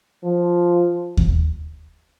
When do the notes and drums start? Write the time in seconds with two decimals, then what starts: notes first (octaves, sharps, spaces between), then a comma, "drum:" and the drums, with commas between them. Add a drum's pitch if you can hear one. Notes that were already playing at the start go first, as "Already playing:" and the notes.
0.24 F3
1.17 drum: kick D#2